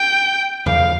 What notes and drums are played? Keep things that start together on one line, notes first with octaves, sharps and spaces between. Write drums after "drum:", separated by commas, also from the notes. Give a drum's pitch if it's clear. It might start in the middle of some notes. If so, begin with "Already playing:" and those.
Already playing: G5
F5, drum: tom E2